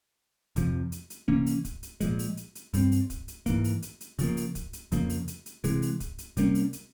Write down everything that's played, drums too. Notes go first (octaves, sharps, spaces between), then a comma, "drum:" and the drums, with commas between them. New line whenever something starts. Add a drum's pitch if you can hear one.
F2 C3 F3, drum: kick, hi-hat
drum: hi-hat
drum: hi-hat
C3 E3 A#3 C#4, drum: kick
drum: open hi-hat
drum: kick, hi-hat
drum: hi-hat
A#2 F3 G#3, drum: kick, hi-hat
drum: open hi-hat
drum: hi-hat
drum: hi-hat
G2 G3 C4, drum: kick, open hi-hat
drum: open hi-hat
drum: kick, hi-hat
drum: hi-hat
G#2 E3 A#3, drum: kick, hi-hat
drum: open hi-hat
drum: hi-hat
drum: hi-hat
C#3 F3 A#3, drum: kick, open hi-hat
drum: open hi-hat
drum: kick, hi-hat
drum: hi-hat
F2 C#3 F3 A#3, drum: kick, hi-hat
drum: open hi-hat
drum: hi-hat
drum: hi-hat
C3 E3 G#3, drum: kick, open hi-hat
drum: open hi-hat
drum: kick, hi-hat
drum: hi-hat
C3 G3 A#3 C#4, drum: kick, hi-hat
drum: open hi-hat
drum: hi-hat